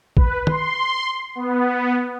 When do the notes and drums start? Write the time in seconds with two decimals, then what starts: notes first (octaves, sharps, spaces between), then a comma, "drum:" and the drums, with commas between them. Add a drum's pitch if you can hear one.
0.17 B4, drum: kick A#1
0.47 C6, drum: tom
1.35 B3